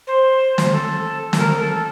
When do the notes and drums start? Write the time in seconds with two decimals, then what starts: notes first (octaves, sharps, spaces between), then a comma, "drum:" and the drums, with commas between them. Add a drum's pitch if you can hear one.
0.07 C5
0.58 drum: snare
0.72 A4
1.33 A4, drum: snare
1.38 A#4
1.60 A4